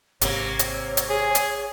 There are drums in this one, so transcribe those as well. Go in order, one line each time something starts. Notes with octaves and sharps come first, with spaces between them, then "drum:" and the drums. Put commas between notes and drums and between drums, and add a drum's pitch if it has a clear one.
G#1 C3 A#3 C#5, drum: hi-hat
drum: hi-hat
drum: hi-hat
G#4
drum: hi-hat